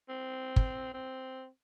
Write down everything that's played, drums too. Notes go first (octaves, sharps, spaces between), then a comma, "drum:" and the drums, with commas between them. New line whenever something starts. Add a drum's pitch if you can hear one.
C4
drum: kick
C4